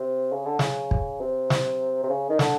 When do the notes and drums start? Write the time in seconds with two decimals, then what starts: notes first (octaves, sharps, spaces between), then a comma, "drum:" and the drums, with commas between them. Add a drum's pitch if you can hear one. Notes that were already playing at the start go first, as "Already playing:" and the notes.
Already playing: C3
0.32 C#3
0.45 D3
0.59 C#3, drum: snare
0.91 drum: kick
1.21 C3
1.50 drum: snare
2.03 C3
2.09 C#3
2.30 D#3
2.39 D3, drum: snare